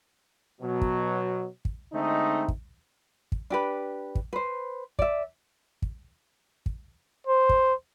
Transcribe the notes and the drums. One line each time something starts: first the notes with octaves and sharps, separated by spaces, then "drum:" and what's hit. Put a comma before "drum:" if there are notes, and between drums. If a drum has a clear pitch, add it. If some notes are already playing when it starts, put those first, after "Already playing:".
B2 F#3
drum: kick
drum: kick
D3 G#3 A3 C4 D#4
drum: kick
drum: kick
D4 G4 B4
drum: kick
B4 C5
D5 E5, drum: kick
drum: kick
drum: kick
C5
drum: kick